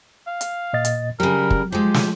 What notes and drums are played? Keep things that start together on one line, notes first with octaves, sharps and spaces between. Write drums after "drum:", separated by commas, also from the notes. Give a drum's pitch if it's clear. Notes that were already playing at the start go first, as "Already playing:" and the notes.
F5
drum: hi-hat
A#2 D#5 A6
drum: hi-hat
C#3 F#3 G3 A#4
drum: kick
F3 G#3 G4
drum: snare